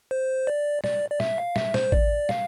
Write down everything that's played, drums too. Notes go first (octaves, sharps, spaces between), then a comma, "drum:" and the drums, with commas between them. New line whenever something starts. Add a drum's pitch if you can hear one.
C5
D5
D5, drum: snare
D5
E5, drum: snare
F5
E5, drum: snare
C5, drum: snare
D5, drum: kick A1
F5, drum: snare